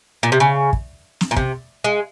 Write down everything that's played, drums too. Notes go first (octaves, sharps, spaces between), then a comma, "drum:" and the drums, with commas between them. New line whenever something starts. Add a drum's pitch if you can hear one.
A#2
C3
C#3
drum: kick
drum: snare
A#2
C3, drum: kick
G#3